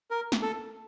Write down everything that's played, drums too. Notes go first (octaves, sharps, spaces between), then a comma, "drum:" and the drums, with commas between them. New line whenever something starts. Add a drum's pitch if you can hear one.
A#4
drum: snare
A4